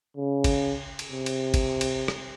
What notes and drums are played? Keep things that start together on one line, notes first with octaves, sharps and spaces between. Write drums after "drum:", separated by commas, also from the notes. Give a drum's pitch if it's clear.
C#3
drum: kick, cymbal
drum: cymbal
C3
drum: cymbal
drum: kick, cymbal
drum: cymbal
drum: rim click